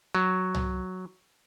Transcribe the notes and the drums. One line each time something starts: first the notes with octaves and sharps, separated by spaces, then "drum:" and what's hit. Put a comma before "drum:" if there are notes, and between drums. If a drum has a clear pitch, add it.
F#3
drum: tom